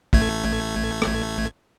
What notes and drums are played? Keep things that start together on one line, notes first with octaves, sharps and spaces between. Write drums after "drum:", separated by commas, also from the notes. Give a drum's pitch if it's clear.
A1 A3 G#6, drum: kick
drum: rim click